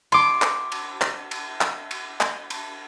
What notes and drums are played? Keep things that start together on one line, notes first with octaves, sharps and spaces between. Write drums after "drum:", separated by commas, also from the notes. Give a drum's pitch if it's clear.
C6 D6, drum: cymbal
drum: clap
drum: cymbal
drum: clap
drum: cymbal
drum: clap
drum: cymbal
drum: clap
drum: cymbal